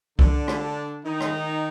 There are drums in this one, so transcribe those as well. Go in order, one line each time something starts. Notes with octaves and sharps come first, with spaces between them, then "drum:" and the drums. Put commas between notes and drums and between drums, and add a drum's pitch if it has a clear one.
D3 D4, drum: kick C2
drum: rim click
D#3 D#4
drum: rim click